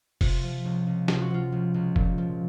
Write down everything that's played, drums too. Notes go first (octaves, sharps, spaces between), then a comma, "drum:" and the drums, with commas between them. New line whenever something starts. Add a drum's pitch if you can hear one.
C3 F4, drum: kick F1, open hi-hat
F3
C#2
C#2
C3 F4, drum: snare
F#4
F3 F4
C#2
C#2
A#2, drum: kick F1
F3